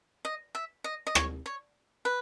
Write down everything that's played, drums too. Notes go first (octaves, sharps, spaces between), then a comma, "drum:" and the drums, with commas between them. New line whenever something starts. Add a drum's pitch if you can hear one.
D#5
E5
D#5
D#5
C#5, drum: rim click
C#5
B4